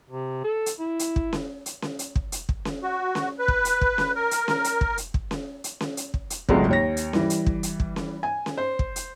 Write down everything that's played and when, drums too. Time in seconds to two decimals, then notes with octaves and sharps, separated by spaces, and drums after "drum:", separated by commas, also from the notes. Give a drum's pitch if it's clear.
0.10 C3
0.44 A4
0.66 drum: hi-hat
0.80 E4
0.99 drum: hi-hat
1.16 drum: kick
1.33 drum: snare C#4
1.66 drum: hi-hat
1.82 drum: snare C#4
1.99 drum: hi-hat
2.16 drum: kick
2.32 drum: hi-hat
2.49 drum: kick
2.65 drum: snare C#4
2.83 F#4
3.15 drum: snare C#4
3.39 B4
3.48 drum: kick
3.65 drum: hi-hat
3.81 drum: kick
3.98 drum: snare C#4
4.16 A#4
4.31 drum: hi-hat
4.48 drum: snare C#4
4.64 drum: hi-hat
4.81 drum: kick
4.98 drum: hi-hat
5.14 drum: kick
5.31 drum: snare C#4
5.64 drum: hi-hat
5.81 drum: snare C#4
5.97 drum: hi-hat
6.14 drum: kick
6.30 drum: hi-hat
6.49 G#1 C#2 F#3 G#3 A3, drum: kick
6.68 D#2 C#5 A#6
6.97 drum: hi-hat
7.13 E3 G3, drum: snare C#4
7.30 drum: hi-hat
7.46 drum: kick
7.63 drum: hi-hat
7.80 drum: kick
7.96 drum: snare C#4
8.23 G#5
8.46 drum: snare C#4
8.57 C5
8.79 drum: kick
8.96 drum: hi-hat